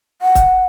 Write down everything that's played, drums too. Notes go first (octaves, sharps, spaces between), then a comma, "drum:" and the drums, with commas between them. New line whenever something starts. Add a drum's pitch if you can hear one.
F#5
drum: kick, hi-hat